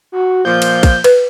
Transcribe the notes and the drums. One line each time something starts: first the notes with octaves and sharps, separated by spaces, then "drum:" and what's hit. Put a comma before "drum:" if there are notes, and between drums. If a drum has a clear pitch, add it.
F#4
A#2 F3 G6
drum: cymbal
drum: kick, cymbal
B4, drum: cymbal